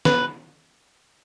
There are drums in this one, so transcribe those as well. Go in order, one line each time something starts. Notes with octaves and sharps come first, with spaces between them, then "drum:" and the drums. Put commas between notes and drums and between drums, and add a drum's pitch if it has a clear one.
B4, drum: snare